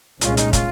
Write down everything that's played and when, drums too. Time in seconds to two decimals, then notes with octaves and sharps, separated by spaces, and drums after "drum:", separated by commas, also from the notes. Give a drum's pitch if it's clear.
0.21 C2 A#2 G#3 C#4 F4, drum: hi-hat
0.37 D#4, drum: hi-hat
0.53 F4, drum: kick, hi-hat